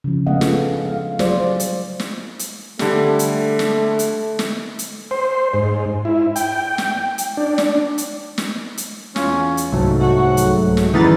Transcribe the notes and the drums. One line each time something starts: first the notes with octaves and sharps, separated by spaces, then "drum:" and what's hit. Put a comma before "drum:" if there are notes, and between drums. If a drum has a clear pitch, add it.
C#3 F3
G#3 A3 B3 D#5 F5 F#5
D4 F4 G#4 A4, drum: snare
F5
F#3 G3 F4 G#4 C5 D5, drum: snare
drum: hi-hat
drum: snare
drum: hi-hat
D3 G3 A3, drum: snare
drum: hi-hat
drum: snare
drum: hi-hat
drum: snare
drum: hi-hat
C5
G#2
E4
G5, drum: hi-hat
drum: snare
drum: hi-hat
D4
drum: snare
drum: hi-hat
drum: snare
drum: hi-hat
E2 C#4 F4, drum: snare
drum: hi-hat
C2 G#2 F#3 A3
F#4
drum: hi-hat
drum: snare
E2 D#3 G3 C#4 D#4 B4 A6